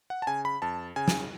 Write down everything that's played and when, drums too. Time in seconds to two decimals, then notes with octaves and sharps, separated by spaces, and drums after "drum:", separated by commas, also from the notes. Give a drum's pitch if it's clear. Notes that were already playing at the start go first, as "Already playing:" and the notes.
0.10 F#5
0.22 A5
0.27 C#3 G#5
0.45 B5
0.62 F2 A5
0.96 C#3 G#5
1.08 drum: snare